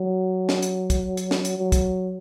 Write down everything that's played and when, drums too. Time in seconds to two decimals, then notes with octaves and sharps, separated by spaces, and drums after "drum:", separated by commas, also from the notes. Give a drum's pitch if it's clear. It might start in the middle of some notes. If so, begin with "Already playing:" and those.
Already playing: F#3
0.49 drum: snare
0.62 drum: hi-hat
0.90 drum: kick, hi-hat
1.17 drum: hi-hat
1.31 drum: snare
1.45 drum: hi-hat
1.59 F#3
1.72 drum: kick, hi-hat